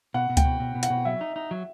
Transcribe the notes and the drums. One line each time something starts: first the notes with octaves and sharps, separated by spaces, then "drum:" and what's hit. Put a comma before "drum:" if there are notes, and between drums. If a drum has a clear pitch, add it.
B2 F#5
B2
G5, drum: kick C#2, hi-hat
B2
B2
B2
F#5, drum: hi-hat
B2
F#3 E5
D#4
D#4
F#3